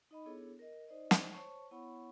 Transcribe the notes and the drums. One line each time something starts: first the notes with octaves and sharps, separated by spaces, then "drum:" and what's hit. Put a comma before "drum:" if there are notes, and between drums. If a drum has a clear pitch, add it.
D#4 D#5 B5
B3 D4 E4 G#4 A4 C#5
A#4 D#5
D#4 C5 D5 D#5
drum: snare
C5 C#5 A5 C#6
B3 E4 C#5 F#5 B5 C#6